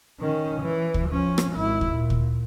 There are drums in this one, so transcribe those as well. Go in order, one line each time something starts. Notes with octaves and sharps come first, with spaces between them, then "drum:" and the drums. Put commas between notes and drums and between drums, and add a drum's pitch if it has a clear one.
D#3 C#4
E3
drum: kick
F3 C#4
drum: rim click
G#1 E4
drum: kick
A#2
drum: kick